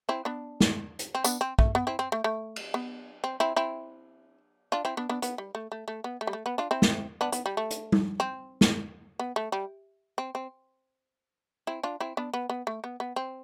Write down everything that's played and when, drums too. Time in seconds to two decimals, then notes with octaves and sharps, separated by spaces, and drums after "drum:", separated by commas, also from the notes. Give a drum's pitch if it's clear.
0.09 C4 E4
0.25 B3 D4
0.60 drum: snare
0.99 drum: hi-hat
1.15 C4
1.24 B3 D4, drum: tambourine
1.41 C4
1.59 A3, drum: kick
1.75 B3
1.87 C4 E4
1.99 C4
2.12 A3
2.24 A3
2.56 drum: cymbal
2.74 B3
3.24 C4
3.40 C4 E4
3.56 C4 E4
4.72 D4 F4
4.85 C4 E4
4.97 B3 D4
5.09 B3 D4
5.22 B3, drum: hi-hat
5.38 G3
5.55 A3
5.72 A3
5.88 A3
6.04 B3
6.21 A3
6.27 G3
6.33 A3
6.46 B3
6.58 D4 F4
6.71 C4 E4
6.82 drum: snare
7.21 B3 D4
7.32 B3, drum: hi-hat
7.46 G3
7.57 A3
7.71 drum: hi-hat
7.92 drum: tom G3
8.20 C4
8.61 drum: snare
9.19 B3
9.36 A3
9.52 G3
10.18 C4
10.35 C4
11.67 C4 E4
11.83 D4 F4
12.00 C4 E4
12.17 B3 D4
12.34 B3
12.50 B3
12.67 A3
12.84 B3
13.00 B3
13.16 C4